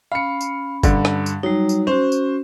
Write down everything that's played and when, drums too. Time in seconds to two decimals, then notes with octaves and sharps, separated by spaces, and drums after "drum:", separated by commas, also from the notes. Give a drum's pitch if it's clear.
0.12 C#4 F5 B5 C#7
0.41 drum: tambourine
0.83 G2 D3, drum: kick, tambourine
1.05 drum: rim click
1.26 drum: tambourine
1.43 F#3 G3 D#4
1.69 drum: tambourine
1.87 C#4 F#4 C5
2.12 drum: tambourine